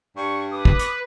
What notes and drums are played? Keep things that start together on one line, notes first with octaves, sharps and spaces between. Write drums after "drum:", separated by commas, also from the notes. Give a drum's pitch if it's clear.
G2 D5 C#6
B4 D6 D#6
drum: kick
drum: hi-hat